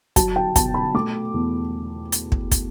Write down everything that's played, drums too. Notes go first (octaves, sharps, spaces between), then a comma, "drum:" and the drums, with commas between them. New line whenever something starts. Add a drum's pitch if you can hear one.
F#3 A5, drum: kick, hi-hat
G5
B2 A5, drum: kick, hi-hat
B5
A3 D6
E2
drum: hi-hat
drum: kick
drum: kick, hi-hat